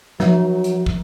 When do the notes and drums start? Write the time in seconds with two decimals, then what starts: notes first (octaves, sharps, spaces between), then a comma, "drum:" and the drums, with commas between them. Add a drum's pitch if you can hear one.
0.20 F3 F#3, drum: snare
0.64 drum: hi-hat
0.86 drum: kick